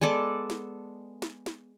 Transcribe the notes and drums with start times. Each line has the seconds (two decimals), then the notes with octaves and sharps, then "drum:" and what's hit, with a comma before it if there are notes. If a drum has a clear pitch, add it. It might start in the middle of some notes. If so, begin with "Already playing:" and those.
0.01 G#3 B3 A4 D5
0.50 drum: snare
1.22 drum: snare
1.46 drum: snare